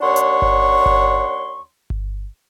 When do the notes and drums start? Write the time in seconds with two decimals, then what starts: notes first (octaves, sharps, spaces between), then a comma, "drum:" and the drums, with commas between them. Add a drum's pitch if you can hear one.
0.01 D#2 D4 C#5 F#5 C6 C#6
0.16 drum: hi-hat
0.42 drum: kick G1
0.86 drum: kick G1
1.90 drum: kick G1